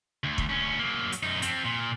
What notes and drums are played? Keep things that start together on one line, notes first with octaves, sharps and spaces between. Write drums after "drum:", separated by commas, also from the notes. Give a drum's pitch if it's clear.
D2
drum: kick
D2 C#4
F#3 A#3
drum: hi-hat
F#2 D#4
F3 C4, drum: hi-hat
A#2